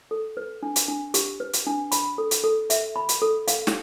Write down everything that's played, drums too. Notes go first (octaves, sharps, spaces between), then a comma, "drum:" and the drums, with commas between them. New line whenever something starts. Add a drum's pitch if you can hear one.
A4
B4
D4
drum: hi-hat
D4
G4, drum: hi-hat
B4
drum: hi-hat
D4
B5, drum: hi-hat
A4
drum: hi-hat
A4
E5, drum: hi-hat
B5
drum: hi-hat
A4
F5, drum: hi-hat
drum: snare